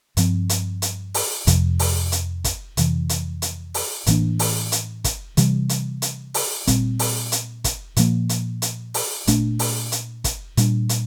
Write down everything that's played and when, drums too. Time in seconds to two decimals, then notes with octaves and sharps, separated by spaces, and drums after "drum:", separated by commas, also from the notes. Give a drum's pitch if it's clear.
0.17 G2 F3 C4, drum: hi-hat
0.49 drum: hi-hat
0.82 drum: hi-hat
1.14 drum: open hi-hat
1.47 F2 C3 F3, drum: kick, hi-hat
1.79 drum: open hi-hat
2.12 drum: hi-hat
2.44 drum: kick, hi-hat
2.77 F2 C3 E3, drum: hi-hat
3.09 drum: hi-hat
3.42 drum: hi-hat
3.74 drum: open hi-hat
4.06 A2 E3 A#3 D4, drum: kick, hi-hat
4.39 drum: open hi-hat
4.72 drum: hi-hat
5.04 drum: kick, hi-hat
5.37 C3 E3 G3, drum: hi-hat
5.69 drum: hi-hat
6.02 drum: hi-hat
6.34 drum: open hi-hat
6.67 A#2 G3 C4, drum: kick, hi-hat
6.99 drum: open hi-hat
7.32 drum: hi-hat
7.64 drum: kick, hi-hat
7.96 A#2 F3 A#3, drum: hi-hat
8.29 drum: hi-hat
8.62 drum: hi-hat
8.94 drum: open hi-hat
9.27 A#2 A3 D4, drum: kick, hi-hat
9.59 drum: open hi-hat
9.92 drum: hi-hat
10.24 drum: kick, hi-hat
10.57 A#2 G3 D4, drum: hi-hat
10.89 drum: hi-hat